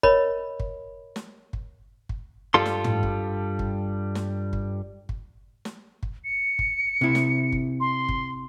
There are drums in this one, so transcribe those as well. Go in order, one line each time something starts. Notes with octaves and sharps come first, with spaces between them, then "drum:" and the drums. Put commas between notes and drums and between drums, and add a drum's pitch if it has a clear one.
A#4 C#5 D#5 B5, drum: kick G1
drum: kick G1
drum: snare
drum: kick G1
drum: kick G1
G2 G3 F4 A4 C6
drum: snare
drum: tom
drum: kick G1
drum: kick G1
drum: snare
drum: kick G1
drum: kick G1
drum: snare
drum: kick G1
C#7
drum: kick G1
C3 E4
drum: snare
drum: kick G1
C6
drum: kick G1